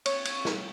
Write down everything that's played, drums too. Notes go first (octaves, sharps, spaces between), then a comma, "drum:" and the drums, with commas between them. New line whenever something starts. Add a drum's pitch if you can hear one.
C#5, drum: cymbal
drum: cymbal
drum: snare